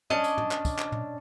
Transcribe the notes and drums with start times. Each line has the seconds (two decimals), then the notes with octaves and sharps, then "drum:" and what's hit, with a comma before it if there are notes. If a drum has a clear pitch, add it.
0.10 C#4 D4 D#5, drum: tom
0.24 drum: tambourine
0.38 drum: tom
0.51 drum: clap
0.65 drum: kick, tambourine
0.79 drum: clap
0.92 drum: tom